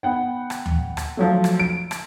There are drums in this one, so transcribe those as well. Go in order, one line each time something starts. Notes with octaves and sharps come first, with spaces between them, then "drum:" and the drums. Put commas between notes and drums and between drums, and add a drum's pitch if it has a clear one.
B3 F#5 G5
drum: rim click
drum: tom D2
drum: rim click
F3 F#3 A3
drum: rim click
D7
drum: rim click